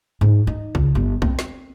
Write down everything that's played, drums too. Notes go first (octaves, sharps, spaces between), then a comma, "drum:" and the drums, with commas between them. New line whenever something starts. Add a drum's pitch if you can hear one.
G#2
D#4
C#2, drum: kick B1
G1
C4, drum: kick B1
drum: snare